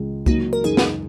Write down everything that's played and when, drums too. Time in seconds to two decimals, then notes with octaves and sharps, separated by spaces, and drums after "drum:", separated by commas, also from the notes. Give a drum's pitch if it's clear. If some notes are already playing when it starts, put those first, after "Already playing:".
Already playing: C#2 G#3
0.26 F#3 A#3 D#4, drum: kick
0.53 A#4
0.64 F#2 D#4 G#4
0.77 drum: snare